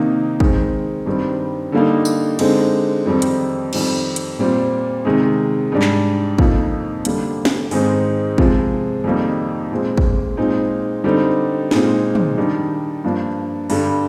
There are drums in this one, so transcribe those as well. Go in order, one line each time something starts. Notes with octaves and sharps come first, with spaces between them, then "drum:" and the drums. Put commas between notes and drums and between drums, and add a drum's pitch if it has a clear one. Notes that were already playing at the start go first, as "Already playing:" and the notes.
Already playing: C3 D#3 A#3 D#4
D#3 G#3 C4, drum: kick
G2 D#3 G3 C4
D3 G3 A#3 D#4
drum: tambourine
D3 G#3 C4 D#4, drum: cymbal
F2 D#3 G3 C4 D#4
drum: hi-hat
F2 D#3 G3 C4, drum: cymbal
drum: hi-hat
A#2 G3 C4
C3 D#3 G#3
G#2 G3 D4
drum: clap
F2 C3 F3 A#3 D#4, drum: kick
D3 G3 A#3, drum: hi-hat
drum: snare
G#2 D#3 G#3 C4 D#4, drum: open hi-hat
C3 F3 G#3, drum: kick
F2 D#3 G3 A#3 D#4
A#2 G#3 C4
drum: kick
A#2 G#3 C4 D#4
D3 G3 C4 D#4
A#2 G#3 C4 D#4, drum: snare
drum: tom
D#3 G3 D4
G2 F3 A#3 D4
G2 D3 G3, drum: open hi-hat